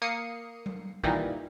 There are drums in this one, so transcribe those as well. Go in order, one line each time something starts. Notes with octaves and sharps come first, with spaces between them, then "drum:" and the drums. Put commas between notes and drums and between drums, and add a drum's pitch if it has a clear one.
A#3 D#6 C7 C#7
drum: tom F#3
A#2 D#3 E3 G3 D#4, drum: kick